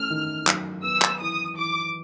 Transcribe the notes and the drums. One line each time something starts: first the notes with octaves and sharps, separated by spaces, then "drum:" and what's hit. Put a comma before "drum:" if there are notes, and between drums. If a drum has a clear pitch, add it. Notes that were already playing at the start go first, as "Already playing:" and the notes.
Already playing: A3 C#4 F6
D#3
F#3, drum: clap
B3 E6
drum: clap
E3 D#6
E3 D6